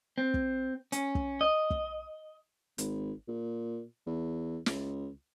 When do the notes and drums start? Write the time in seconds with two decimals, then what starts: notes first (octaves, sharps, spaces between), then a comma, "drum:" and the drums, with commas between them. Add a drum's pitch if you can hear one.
0.18 C4
0.34 drum: kick
0.92 C#4, drum: hi-hat
1.15 drum: kick
1.41 D#5
1.70 drum: kick
2.78 G#1, drum: hi-hat
3.28 A#2
4.07 E2
4.66 C#2, drum: snare